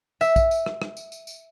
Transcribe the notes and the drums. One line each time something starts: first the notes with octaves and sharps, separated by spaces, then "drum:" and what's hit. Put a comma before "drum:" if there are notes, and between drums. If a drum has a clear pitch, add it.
E5, drum: tambourine
drum: kick, tambourine
drum: tambourine
drum: rim click
drum: rim click
drum: tambourine
drum: tambourine
drum: tambourine